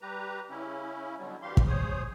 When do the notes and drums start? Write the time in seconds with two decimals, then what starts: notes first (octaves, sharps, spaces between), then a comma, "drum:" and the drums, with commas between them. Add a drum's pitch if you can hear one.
0.02 G3 G4 B4 A#5
0.50 C#3 C#4 E4
1.18 B2 D3 F#3 G3
1.42 D2 E3 G3 G4 F5 C6
1.57 drum: kick
1.67 G#4 C5 C#5 D#6